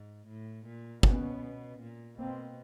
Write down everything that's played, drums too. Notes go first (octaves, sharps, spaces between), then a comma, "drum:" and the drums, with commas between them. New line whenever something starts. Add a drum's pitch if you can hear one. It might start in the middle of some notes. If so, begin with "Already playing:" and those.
Already playing: G#2
A2
A#2
B2 B3 C#4, drum: kick
A#2
B2 A#3 C4